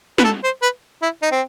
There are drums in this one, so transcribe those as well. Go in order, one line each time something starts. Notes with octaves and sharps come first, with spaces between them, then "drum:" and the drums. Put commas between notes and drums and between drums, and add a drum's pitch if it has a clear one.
B4, drum: snare
A4
C5
B4
E4
D#4
C4